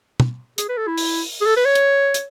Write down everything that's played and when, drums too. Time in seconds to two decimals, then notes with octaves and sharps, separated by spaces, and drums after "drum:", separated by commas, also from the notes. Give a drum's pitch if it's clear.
0.20 drum: tom
0.58 G#4, drum: hi-hat
0.69 B4
0.78 A4
0.87 E4
0.98 drum: open hi-hat
1.41 G#4
1.46 A4
1.57 B4
1.65 C#5
1.75 drum: hi-hat
2.14 drum: hi-hat